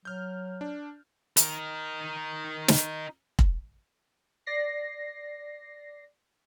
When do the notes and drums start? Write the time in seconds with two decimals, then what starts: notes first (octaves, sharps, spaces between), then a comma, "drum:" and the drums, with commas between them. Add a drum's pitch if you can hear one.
0.05 F#3 F6 G6
0.61 D4
1.37 D#4 A#4, drum: hi-hat
2.68 drum: snare
3.39 drum: kick
4.46 D5 A#6 C7